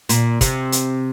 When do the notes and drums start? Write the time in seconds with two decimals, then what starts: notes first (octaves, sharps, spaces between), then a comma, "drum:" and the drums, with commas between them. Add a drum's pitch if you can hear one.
0.09 A#2, drum: hi-hat
0.41 C3, drum: kick, hi-hat
0.72 drum: hi-hat